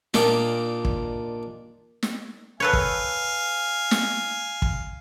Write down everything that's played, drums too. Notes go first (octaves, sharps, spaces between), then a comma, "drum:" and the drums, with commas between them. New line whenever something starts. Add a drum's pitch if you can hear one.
A#2 A#3 D4 D#4 F4, drum: snare
drum: kick
drum: snare
A4 B4 C#5 F5 G#5
drum: kick
drum: snare
drum: kick